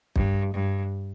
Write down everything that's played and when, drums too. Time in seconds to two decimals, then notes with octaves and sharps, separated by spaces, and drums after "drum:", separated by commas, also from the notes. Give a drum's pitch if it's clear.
0.16 G2, drum: kick
0.54 G2